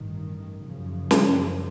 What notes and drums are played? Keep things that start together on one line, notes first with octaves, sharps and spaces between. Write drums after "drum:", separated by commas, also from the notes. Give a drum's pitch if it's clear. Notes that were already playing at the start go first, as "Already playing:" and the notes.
Already playing: A1 G2 D#3
F#2 C#3 F3
drum: snare